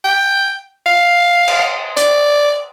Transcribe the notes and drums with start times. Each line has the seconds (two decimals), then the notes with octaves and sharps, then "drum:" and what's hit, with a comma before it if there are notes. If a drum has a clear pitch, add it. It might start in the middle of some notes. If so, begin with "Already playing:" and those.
0.04 G5
0.86 F5
1.48 drum: cymbal
1.97 D5, drum: hi-hat